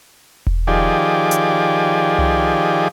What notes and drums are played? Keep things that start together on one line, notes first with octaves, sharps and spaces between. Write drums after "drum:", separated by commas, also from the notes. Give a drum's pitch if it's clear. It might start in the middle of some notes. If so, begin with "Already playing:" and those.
drum: kick E1
D#3 F3 G4 G#4 D5
drum: hi-hat
drum: tom C2